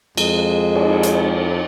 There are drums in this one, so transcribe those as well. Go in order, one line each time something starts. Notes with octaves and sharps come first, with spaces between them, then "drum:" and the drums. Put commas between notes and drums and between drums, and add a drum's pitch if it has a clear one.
F2 G#3, drum: cymbal
drum: cymbal
drum: hi-hat